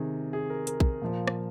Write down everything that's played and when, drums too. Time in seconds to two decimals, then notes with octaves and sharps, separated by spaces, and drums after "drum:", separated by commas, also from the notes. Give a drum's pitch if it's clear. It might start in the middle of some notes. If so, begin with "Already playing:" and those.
Already playing: C3 D#3 G#4
0.33 G#4
0.50 A#4
0.67 A#4, drum: hi-hat
0.80 drum: kick A#1
1.02 A#2 F3
1.27 drum: rim click